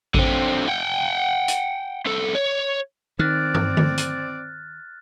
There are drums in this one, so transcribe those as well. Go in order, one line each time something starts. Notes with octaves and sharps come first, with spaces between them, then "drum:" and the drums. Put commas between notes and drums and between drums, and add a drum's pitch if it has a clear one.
D3 C4, drum: kick A1
F#5 G5
drum: hi-hat
C2 A4
C#5
D#3 C4 D5 F6 F#6 A6
drum: tom
drum: tom D3
drum: hi-hat